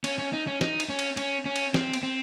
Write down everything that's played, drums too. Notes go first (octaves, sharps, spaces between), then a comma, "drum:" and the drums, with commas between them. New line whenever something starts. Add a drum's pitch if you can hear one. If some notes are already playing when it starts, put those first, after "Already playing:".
C#4, drum: cymbal
C#4
D#4
C#4
D#4, drum: snare
drum: cymbal
C#4
drum: cymbal
C#4, drum: cymbal
C#4
drum: cymbal
C4, drum: snare
drum: cymbal
C4